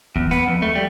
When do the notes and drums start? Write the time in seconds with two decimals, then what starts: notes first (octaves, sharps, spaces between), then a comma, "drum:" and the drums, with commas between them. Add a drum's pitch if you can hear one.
0.16 E2, drum: kick D#2
0.31 B3, drum: snare
0.48 F2
0.62 A3
0.75 G3